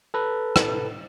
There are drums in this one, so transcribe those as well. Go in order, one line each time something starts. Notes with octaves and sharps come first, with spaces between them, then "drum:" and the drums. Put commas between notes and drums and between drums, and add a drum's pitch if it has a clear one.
A4 B4
drum: rim click